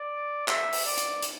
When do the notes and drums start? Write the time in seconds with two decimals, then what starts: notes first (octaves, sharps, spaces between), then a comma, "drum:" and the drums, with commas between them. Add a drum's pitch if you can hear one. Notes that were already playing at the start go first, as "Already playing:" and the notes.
Already playing: D5
0.48 E5, drum: clap
0.73 drum: open hi-hat
0.85 D5
0.98 drum: hi-hat
1.22 drum: hi-hat